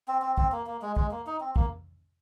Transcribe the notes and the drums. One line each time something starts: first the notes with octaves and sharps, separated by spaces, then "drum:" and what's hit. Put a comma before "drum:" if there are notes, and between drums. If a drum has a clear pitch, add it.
C4
C4
C4, drum: kick
A#3
A#3
G#3
G#3, drum: kick
A#3
D#4
C4
A#3, drum: kick